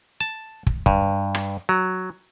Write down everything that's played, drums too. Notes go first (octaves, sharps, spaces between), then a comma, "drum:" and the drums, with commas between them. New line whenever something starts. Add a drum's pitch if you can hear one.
A5
drum: kick
G2, drum: kick
drum: rim click
F#3